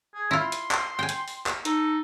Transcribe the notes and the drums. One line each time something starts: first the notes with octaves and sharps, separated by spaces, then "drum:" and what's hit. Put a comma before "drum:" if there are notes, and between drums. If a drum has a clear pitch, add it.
G#4
E4 F4 C6
drum: hi-hat
drum: clap
G5 G#5
drum: hi-hat
drum: open hi-hat
drum: clap
D#4 A4, drum: hi-hat